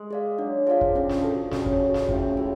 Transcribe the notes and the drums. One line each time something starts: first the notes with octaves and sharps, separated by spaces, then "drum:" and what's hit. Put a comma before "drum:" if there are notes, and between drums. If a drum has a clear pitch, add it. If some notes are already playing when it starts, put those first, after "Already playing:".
Already playing: G#3
G#4 D5 F5
F#3 D4
F3 G#4 D5 F5
drum: kick
D3 C#4
drum: snare
F#4 A4
C#3 C#4, drum: snare
drum: kick
F#4 A4
drum: snare
A2 C#4, drum: kick
A2 F#4 A4